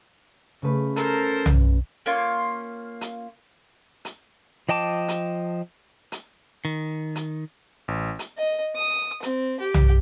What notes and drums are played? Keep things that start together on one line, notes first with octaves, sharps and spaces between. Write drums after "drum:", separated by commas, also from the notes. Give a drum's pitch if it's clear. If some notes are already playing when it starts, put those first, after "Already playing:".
C#3 A3 B4
A4 A#4 C5, drum: hi-hat
drum: tom
A#3 C#4 F4
drum: hi-hat
drum: hi-hat
F3 D#5 G5 A5 D6
drum: hi-hat
drum: hi-hat
D#3
drum: hi-hat
A1
drum: hi-hat
D#5
D#6
C4, drum: hi-hat
G4
drum: tom